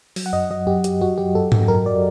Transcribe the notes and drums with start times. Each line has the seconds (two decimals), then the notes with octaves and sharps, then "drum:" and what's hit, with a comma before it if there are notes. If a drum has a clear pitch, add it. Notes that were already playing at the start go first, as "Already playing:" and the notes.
0.16 F#3, drum: open hi-hat
0.26 F#5
0.33 F#2 D#5
0.50 F#3 D#5
0.67 F#2 G4
0.84 F#3 G4, drum: hi-hat
1.01 F#2 F#4
1.18 F#3 G4
1.35 F#2 A4
1.52 F#3, drum: tom G#2
1.68 F#2 A#4
1.86 F#3 D5